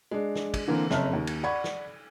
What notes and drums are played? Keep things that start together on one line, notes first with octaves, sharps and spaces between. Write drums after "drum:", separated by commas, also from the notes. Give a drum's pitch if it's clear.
G#3 D4
drum: snare
drum: kick, cymbal
D3 E3 A#3 C4
F#1 F2 C#5 E5 A5 F6, drum: snare
D#2
drum: cymbal
D5 F#5 B5 C#6 G#6
drum: snare